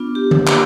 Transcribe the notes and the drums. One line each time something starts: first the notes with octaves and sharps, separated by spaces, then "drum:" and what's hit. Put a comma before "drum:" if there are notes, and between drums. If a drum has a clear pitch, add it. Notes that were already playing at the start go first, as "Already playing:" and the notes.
Already playing: B3 D4 F4
G4
drum: tom D3
A#3 D4 F4 G4, drum: clap